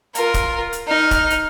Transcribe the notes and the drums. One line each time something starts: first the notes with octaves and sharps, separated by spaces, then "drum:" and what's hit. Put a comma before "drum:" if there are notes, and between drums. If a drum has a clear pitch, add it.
F4 A#4, drum: hi-hat
drum: kick, hi-hat
drum: hi-hat
D#4 F6
drum: kick, hi-hat
drum: hi-hat